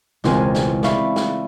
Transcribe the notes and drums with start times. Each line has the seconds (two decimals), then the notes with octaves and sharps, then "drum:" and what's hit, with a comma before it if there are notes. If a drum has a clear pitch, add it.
0.24 E1 C#2 C4 F4 A#4 G#5, drum: snare
0.55 drum: snare
0.83 D5 E5 F5 B5 C#6, drum: snare
1.16 drum: snare